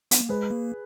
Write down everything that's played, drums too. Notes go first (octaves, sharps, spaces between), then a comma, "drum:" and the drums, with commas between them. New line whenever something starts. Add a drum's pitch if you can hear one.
B3, drum: hi-hat
A#3
G#3 G#4 B4
A#3